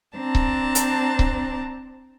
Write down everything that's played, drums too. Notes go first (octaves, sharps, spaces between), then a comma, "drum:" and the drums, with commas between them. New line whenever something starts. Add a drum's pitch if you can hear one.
C4 D4 A5 A#5
drum: kick C#1
drum: hi-hat
drum: kick C#1